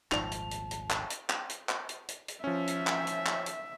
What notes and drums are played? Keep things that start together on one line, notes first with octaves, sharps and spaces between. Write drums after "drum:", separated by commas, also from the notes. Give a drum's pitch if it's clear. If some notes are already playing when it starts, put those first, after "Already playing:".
D#1 G#1 F3 D#4 D5 A5 F7, drum: clap
drum: hi-hat
drum: hi-hat
drum: hi-hat
drum: clap
drum: hi-hat
drum: clap
drum: hi-hat
drum: clap
drum: hi-hat
drum: hi-hat
drum: hi-hat
F3 C#4 E5
drum: hi-hat
drum: clap
drum: hi-hat
drum: clap
drum: hi-hat